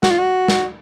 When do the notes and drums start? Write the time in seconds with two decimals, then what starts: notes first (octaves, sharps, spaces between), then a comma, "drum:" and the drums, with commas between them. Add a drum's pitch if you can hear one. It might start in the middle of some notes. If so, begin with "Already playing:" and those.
0.03 F#4, drum: snare
0.11 F4
0.18 F#4
0.48 drum: snare